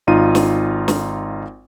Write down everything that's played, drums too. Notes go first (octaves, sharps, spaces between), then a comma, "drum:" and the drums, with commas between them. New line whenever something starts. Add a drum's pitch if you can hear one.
G#1 D#4 F4 D#7
drum: snare
drum: snare